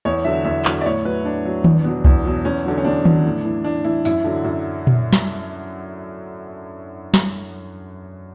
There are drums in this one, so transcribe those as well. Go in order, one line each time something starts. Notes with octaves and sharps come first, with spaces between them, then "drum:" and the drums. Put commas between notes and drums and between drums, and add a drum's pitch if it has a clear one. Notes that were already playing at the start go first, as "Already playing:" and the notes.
E2 C#5
D3 F#3 E5
E2 E5
D3 F#3, drum: clap
D5
A2 C#5
F#3 B4
A2 D4
F#3
E2, drum: tom D#3
B2 F#3
E2, drum: kick C2
B2 F#3
E2 C#4
D3 F#3
C#4
E2 D4
D3 F#3, drum: tom D#3
A2
E3
A2 D4
E3 E4
F#2 E4, drum: tambourine
D3 F#3
F#2
drum: tom A#2
drum: snare
drum: snare